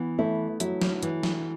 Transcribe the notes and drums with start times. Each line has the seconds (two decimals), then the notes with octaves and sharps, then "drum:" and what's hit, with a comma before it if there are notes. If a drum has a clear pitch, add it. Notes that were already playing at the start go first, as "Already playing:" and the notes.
Already playing: E3 B3
0.19 A3 E4
0.60 F#3 E4, drum: hi-hat
0.82 drum: snare
1.03 E3, drum: hi-hat
1.23 drum: snare